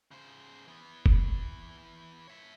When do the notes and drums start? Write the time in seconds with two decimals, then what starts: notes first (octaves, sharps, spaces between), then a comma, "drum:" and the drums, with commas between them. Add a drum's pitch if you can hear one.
0.11 C#3 C5
0.68 E3 B3
1.06 drum: kick F1
2.28 C#5 E5